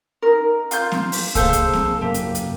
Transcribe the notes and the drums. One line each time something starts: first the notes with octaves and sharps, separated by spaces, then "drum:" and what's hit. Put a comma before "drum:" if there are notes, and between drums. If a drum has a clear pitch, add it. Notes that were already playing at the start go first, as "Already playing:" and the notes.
D#4 A#4
F4 C6 G6, drum: hi-hat
drum: snare C4
drum: open hi-hat
A#3 G#4 A4 C5 F5, drum: kick C2, hi-hat
drum: hi-hat
drum: snare C4
F#2 C#3 A#3 G4
drum: hi-hat
drum: hi-hat